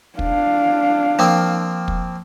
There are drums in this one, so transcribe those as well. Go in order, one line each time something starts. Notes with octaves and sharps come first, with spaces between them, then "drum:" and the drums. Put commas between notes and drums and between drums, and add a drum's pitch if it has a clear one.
D4 F5, drum: kick
F3 A#3 C4
drum: kick